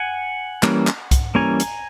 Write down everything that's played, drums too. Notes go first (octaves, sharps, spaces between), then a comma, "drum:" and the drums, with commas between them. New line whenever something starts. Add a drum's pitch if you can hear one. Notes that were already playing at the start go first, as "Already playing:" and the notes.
Already playing: F#5 G#5
E3 G3 A#3 C#4, drum: clap
drum: clap
drum: kick C2, hi-hat
E3 G3 A#3 C#4 G#5 A#5
drum: hi-hat